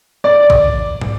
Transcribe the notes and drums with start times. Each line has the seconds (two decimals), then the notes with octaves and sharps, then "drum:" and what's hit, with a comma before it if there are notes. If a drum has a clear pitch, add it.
0.24 D5
0.50 drum: kick A#1
1.01 drum: tom